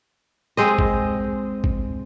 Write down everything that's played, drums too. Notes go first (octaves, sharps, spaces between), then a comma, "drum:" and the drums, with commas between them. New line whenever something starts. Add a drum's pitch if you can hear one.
G#3 C4 D#5
drum: kick G#1
drum: kick G#1